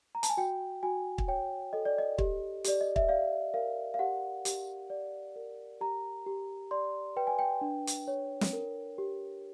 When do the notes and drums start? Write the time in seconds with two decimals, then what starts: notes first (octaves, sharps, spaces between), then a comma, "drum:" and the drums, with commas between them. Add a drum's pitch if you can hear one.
0.15 A#5
0.23 A5, drum: hi-hat
0.29 G#5
0.37 F#4 G5
0.83 F#4 G#5
1.18 drum: kick
1.28 C#5 G5
1.73 A4 D#5
1.85 D5
1.98 D#5
2.18 G4, drum: kick
2.64 G4 D5, drum: hi-hat
2.81 D#5
2.96 E5, drum: kick
3.09 D5 F5
3.54 A#4 F5
3.94 F5
3.99 G4 F#5
4.45 G4, drum: hi-hat
4.90 D5
5.36 A#4
5.81 G4 A#5
6.26 G4
6.71 D5 C6
7.16 B4 G5
7.27 G#5
7.39 G5
7.61 D4
7.87 drum: hi-hat
8.08 C#5
8.41 drum: snare
8.53 A#4
8.98 G4